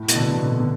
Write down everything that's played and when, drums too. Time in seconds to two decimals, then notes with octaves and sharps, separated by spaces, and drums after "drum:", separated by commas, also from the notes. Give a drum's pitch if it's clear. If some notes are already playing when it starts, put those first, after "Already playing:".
Already playing: A2
0.08 B2, drum: hi-hat
0.16 D3
0.23 B2
0.31 D3
0.38 B2
0.46 D3
0.52 B2
0.60 D3